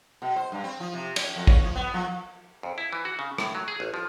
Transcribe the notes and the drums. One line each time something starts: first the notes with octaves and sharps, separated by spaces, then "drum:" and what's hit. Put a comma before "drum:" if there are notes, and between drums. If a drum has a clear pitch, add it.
B2
C5
G2
C4
F3
C3
C#4, drum: cymbal
F2
C#5, drum: kick
F3
B3
F3
F2
E4
E3
F#4
C#3
A2, drum: rim click
F#3
G#4
A1
F3